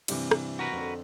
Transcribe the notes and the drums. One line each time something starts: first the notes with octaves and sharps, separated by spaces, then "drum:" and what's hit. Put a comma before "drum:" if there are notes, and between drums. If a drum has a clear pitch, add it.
G2 C3 E3, drum: cymbal
drum: rim click
F#4 A#4 B4
F2 D3